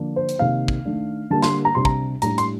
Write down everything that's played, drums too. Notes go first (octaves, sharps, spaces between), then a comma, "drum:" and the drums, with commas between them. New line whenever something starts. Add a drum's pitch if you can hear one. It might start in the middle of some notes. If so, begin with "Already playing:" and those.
Already playing: D3 F3 A#3 D4
C5
drum: hi-hat
C3 D#3 A#3 D#4 F5
drum: kick
D#3 A3 D4
D3 G3 A#3 A5
C6, drum: snare
A#5
C3 G3 D4 C6
A#5, drum: kick
A2 G3 D4 A#5, drum: hi-hat
C6, drum: hi-hat